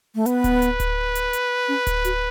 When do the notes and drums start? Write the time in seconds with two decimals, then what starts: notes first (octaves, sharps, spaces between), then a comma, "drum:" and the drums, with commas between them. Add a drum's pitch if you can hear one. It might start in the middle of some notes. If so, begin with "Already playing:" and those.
0.15 A3
0.26 B3 B4, drum: hi-hat
0.44 drum: kick D1, hi-hat
0.62 drum: hi-hat
0.80 drum: kick D1, hi-hat
1.15 drum: hi-hat
1.33 drum: hi-hat
1.68 C#4
1.87 drum: kick D1, hi-hat
2.04 F#4, drum: hi-hat